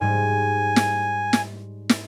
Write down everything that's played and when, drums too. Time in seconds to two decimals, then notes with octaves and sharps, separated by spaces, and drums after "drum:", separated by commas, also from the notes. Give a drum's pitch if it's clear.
0.01 G#2 G3 G#5
0.76 drum: snare
1.33 drum: snare
1.89 drum: snare